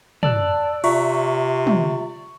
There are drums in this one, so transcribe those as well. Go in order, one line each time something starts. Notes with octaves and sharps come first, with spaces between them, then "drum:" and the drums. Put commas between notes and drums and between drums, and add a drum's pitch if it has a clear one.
D5 A5 E6 F#6, drum: tom
C3 F4 E5 A#5 C#6, drum: cymbal
drum: tom